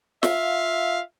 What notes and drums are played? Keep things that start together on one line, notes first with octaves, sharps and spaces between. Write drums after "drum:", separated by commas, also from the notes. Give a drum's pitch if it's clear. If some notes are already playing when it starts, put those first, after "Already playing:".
F4 E5 F5, drum: snare